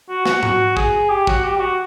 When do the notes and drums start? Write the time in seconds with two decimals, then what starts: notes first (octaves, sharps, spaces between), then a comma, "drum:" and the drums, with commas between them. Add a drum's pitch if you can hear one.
0.09 F#4
0.25 F#4, drum: snare
0.43 F#4, drum: tom G#2
0.77 G#4, drum: kick
1.10 G4
1.27 F#4, drum: kick
1.44 G4
1.56 G4
1.60 F#4